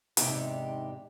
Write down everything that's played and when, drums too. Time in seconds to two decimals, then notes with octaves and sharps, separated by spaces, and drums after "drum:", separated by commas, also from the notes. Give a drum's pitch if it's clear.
0.17 E2 G#2 C3 D4 D#4 G4, drum: hi-hat